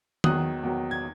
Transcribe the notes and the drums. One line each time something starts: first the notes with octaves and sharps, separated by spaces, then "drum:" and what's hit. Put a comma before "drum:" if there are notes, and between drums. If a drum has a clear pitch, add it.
E2 D#3 F#3 D#6 F#6, drum: tom D#3
E2 D#3 F#3
G#6